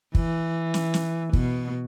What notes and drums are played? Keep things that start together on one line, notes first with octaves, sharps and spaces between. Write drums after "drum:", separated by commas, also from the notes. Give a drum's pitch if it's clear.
E3, drum: kick
drum: snare
drum: snare
B2, drum: kick